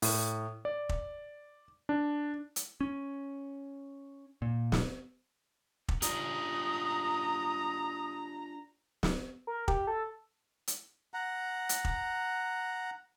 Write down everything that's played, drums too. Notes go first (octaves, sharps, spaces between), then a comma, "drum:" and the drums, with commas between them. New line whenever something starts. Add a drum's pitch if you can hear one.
A2, drum: open hi-hat
D5
drum: kick
D4
drum: hi-hat
C#4
A#2
drum: snare
drum: kick
D4 F4 G4 A#5 D#6, drum: hi-hat
drum: snare
A#4
G4, drum: kick
A4
drum: hi-hat
F#5 A#5
drum: hi-hat
drum: kick